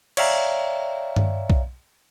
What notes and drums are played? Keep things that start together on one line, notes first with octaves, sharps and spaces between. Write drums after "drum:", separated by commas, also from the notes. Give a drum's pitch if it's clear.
C#5 D5 E5 F5 G5 A#5, drum: cymbal
drum: tom G2
drum: kick B1